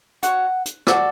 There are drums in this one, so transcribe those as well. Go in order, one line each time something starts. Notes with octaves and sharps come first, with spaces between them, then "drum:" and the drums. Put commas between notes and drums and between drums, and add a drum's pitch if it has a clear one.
F#4 C#5 F#5, drum: hi-hat
drum: hi-hat
F#4 A4 D5, drum: rim click